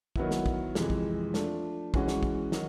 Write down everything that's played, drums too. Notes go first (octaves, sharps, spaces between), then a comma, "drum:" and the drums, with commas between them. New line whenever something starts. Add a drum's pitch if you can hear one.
D#3 F#3 B3 E4, drum: kick
drum: snare
drum: kick
F2 C3 E3 G#3, drum: snare
drum: kick
F3 A3 D4, drum: snare
E3 G#3 C#4 F#4, drum: kick
drum: snare
drum: kick
D#3 F#3, drum: snare